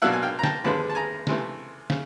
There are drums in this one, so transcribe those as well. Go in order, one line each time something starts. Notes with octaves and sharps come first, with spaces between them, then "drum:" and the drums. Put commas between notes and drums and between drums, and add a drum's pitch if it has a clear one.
B2 F#3 A#3 D4 F4 E5 F#5
G#5
F5 G5
A#5
G5 A5, drum: snare
D#2 D3 F3 G#3 B3 A5 B5
A5
G#5 A#5
C#2 C3 E3 A3, drum: snare
C#3, drum: snare